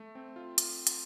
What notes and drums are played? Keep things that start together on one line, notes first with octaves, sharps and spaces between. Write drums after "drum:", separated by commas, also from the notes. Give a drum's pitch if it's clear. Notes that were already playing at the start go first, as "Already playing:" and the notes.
Already playing: A3
C4
F4
drum: hi-hat
drum: hi-hat